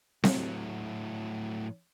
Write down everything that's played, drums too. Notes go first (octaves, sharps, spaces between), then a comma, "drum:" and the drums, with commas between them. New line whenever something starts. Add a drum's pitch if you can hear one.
A2 F#3, drum: snare C4